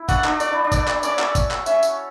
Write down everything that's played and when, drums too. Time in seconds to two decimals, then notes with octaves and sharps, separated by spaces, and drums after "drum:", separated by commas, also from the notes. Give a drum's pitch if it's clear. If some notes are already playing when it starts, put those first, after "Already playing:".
Already playing: E4
0.09 D4 F#4 F#5, drum: kick, tambourine
0.24 D4, drum: clap
0.40 D4 D5, drum: tambourine
0.53 E4
0.64 D4
0.72 D5, drum: kick, tambourine
0.88 drum: clap
1.03 C#4 D5, drum: tambourine
1.19 F#4 A4, drum: clap
1.35 drum: kick, tambourine
1.51 drum: clap
1.66 C#4 E5, drum: tambourine
1.83 drum: tambourine